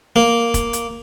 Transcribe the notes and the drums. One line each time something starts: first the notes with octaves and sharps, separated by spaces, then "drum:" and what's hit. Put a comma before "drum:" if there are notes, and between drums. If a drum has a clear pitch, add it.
A#3
drum: kick, hi-hat
drum: hi-hat